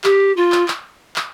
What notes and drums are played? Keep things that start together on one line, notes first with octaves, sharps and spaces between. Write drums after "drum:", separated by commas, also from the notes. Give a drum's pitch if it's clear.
G4, drum: clap
F4
drum: clap
drum: clap
drum: clap